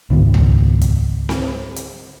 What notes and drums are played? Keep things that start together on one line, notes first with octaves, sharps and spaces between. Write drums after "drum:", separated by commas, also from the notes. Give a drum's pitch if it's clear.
C#2 G#2 D#3 B3
drum: tom D#2
drum: kick, hi-hat
drum: snare C4
drum: hi-hat